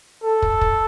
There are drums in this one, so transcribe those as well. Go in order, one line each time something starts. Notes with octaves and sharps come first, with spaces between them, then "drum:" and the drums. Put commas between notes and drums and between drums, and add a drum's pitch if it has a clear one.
A4
drum: kick
drum: kick